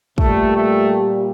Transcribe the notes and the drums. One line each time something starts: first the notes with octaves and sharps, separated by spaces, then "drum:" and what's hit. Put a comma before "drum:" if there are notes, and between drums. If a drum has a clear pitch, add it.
A#2 G3 A3, drum: kick
A3